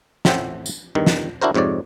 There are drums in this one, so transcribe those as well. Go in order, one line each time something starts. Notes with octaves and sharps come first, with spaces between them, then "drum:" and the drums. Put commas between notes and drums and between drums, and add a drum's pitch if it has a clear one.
A1 A2 C4 E5 F#5 G5, drum: snare
drum: tambourine
E2 G2 D#3
drum: snare
D4 E4 F#4 A#4 C5
F2 G#2 C3 C#5 D5